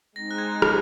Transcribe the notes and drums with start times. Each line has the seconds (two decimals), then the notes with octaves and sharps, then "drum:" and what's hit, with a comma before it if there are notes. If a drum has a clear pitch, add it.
0.15 G#3 C4 D#4 A#6
0.31 F#6
0.38 G#6
0.62 F#6, drum: rim click